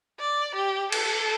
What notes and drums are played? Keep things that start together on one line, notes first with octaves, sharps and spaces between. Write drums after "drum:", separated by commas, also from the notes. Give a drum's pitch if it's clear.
D5
G4
A4, drum: cymbal